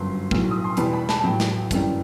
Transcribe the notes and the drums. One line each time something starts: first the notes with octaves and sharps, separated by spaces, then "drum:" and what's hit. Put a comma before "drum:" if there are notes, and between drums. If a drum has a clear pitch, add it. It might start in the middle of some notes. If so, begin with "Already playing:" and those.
Already playing: G1 F#2 F#3 C6
B1 A2 F#3, drum: kick
D#6
C6
E2 B2 G3 B5, drum: hi-hat
B5
A5, drum: snare
A5
A1 A2 F#3 G5
drum: snare
G1 F#2 E3 G3, drum: kick, hi-hat